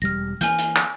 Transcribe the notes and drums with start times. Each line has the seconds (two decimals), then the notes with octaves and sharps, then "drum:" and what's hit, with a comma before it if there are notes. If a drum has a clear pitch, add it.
0.02 E1 G3 F6 A#6
0.41 E3 A#3 G#5 F6 G6, drum: hi-hat
0.59 drum: hi-hat
0.76 drum: clap